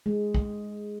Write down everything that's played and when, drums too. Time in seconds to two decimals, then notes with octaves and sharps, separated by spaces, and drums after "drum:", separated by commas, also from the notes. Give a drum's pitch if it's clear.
0.06 G#3
0.34 drum: kick